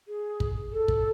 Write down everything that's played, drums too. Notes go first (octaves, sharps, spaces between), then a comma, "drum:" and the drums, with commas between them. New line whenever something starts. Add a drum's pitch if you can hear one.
G#4
drum: kick
A4
drum: kick